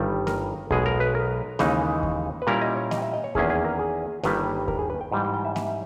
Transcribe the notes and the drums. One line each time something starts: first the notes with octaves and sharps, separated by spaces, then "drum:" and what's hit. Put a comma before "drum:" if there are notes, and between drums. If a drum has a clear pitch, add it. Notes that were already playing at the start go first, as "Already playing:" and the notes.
Already playing: G1 G2 D#3 G3
A#4, drum: snare A#3
B1 B2 G#3 G#4, drum: kick D#2
A#4
B4
A#4
D#2 C#3 E3 G#3 D#4, drum: snare A#3
drum: kick D#2
B4
A#2 G3 C#4 E4 A#4
D#5
C#5
D#5, drum: snare A#3
G5
E5
D#5
C#5
E2 D#3 A#3 C#4 E4 G#4, drum: kick D#2
G#4
A#4
G#4
G1 G2 D#3 G3 A#3 B4, drum: snare A#3
A#4, drum: kick D#2
G#4
B4
G5
G#2 E3 G3
G5
G5
E5
E5, drum: snare A#3